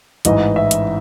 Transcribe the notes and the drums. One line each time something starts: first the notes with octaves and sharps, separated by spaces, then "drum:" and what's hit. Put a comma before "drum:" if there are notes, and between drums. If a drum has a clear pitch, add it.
A1 G#2 E3 D#5, drum: hi-hat
E5
drum: hi-hat